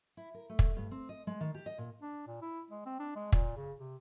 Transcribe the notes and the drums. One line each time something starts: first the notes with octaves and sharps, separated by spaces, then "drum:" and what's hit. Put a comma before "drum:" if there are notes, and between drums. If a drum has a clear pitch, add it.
E4
A#4
A3
drum: kick
G2
C4
D#5
G#3
D#3
G4
D#5
A#2
D4
A#2
E4
G#3
C4
D4
G#3
A#2, drum: kick
C#3
C3